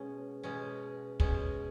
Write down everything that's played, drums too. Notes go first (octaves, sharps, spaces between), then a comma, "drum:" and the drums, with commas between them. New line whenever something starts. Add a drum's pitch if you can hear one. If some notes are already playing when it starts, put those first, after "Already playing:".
Already playing: B2 G#3 C#4
B2 G#3 C#4
B2 G#3 C#4, drum: kick